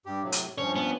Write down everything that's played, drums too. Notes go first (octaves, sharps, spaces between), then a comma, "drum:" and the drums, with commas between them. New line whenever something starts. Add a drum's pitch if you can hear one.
G2 G4
A2 C3 F#3
drum: hi-hat
G2 F3 C#4 C#5
B3